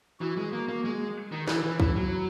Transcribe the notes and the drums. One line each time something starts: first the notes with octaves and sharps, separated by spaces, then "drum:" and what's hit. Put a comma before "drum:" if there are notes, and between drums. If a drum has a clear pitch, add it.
E3 F#4
G#3
A#3
A#3
G#3
D#3
E3 E4, drum: snare
E3
E3, drum: kick
F#3